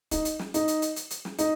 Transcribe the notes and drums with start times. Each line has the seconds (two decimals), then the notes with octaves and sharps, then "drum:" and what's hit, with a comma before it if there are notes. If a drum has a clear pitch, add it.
0.11 D#4, drum: kick, hi-hat
0.25 drum: hi-hat
0.39 drum: snare
0.54 D#4, drum: hi-hat
0.68 drum: hi-hat
0.82 drum: hi-hat
0.96 drum: hi-hat
1.11 drum: hi-hat
1.25 drum: snare
1.39 D#4, drum: hi-hat